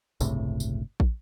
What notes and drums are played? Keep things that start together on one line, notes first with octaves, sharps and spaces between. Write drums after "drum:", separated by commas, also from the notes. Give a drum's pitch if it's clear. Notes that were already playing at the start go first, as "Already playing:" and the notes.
G1 C#2 A2 C3, drum: tambourine
drum: tambourine
drum: kick